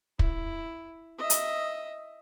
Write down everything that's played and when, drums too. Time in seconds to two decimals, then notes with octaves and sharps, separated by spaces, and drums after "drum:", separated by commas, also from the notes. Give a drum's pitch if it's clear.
0.19 E4, drum: kick
1.18 D#5 E5
1.30 drum: hi-hat